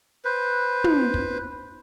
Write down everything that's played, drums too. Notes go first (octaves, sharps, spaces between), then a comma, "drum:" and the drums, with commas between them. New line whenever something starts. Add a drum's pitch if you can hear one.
B4 C5
drum: tom
drum: kick